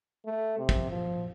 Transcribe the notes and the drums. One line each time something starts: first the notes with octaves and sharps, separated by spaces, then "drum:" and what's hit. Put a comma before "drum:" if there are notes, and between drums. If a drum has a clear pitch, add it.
A3
C3
drum: kick
F3